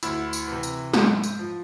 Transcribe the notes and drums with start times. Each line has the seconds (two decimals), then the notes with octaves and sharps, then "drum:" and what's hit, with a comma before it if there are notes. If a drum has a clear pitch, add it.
0.03 D2 E4, drum: tambourine
0.33 drum: tambourine
0.48 C3 E3
0.63 drum: tambourine
0.94 G#2, drum: snare
1.23 drum: tambourine
1.39 F3